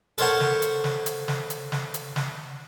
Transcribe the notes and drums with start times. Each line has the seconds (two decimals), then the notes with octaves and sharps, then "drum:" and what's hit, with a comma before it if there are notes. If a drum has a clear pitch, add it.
0.18 A4 A#4 C5 C#5 F#5 A5, drum: hi-hat
0.40 drum: snare
0.62 drum: hi-hat
0.84 drum: snare
1.06 drum: hi-hat
1.28 drum: snare
1.50 drum: hi-hat
1.72 drum: snare
1.94 drum: hi-hat
2.16 drum: snare